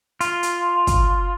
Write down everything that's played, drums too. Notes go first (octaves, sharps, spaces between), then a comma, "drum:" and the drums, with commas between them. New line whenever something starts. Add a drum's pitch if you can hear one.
F4, drum: hi-hat
drum: hi-hat
drum: kick, hi-hat